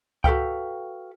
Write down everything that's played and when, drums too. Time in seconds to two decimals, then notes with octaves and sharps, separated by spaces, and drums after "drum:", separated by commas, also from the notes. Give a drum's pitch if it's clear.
0.24 F#4 A4 B4 F5 G5, drum: kick C#2